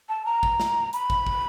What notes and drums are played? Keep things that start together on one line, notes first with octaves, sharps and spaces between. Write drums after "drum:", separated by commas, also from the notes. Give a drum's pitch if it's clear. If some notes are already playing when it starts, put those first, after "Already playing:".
A5
A#5
drum: kick
drum: snare
B5, drum: hi-hat
drum: kick
drum: kick